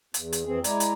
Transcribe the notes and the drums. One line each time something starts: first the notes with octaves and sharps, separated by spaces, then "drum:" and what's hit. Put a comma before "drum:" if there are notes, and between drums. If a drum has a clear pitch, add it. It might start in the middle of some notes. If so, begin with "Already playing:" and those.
E2, drum: hi-hat
drum: hi-hat
F2 E3 C4 G#4
G#3 E4 D5 G#5 A#5, drum: hi-hat
drum: hi-hat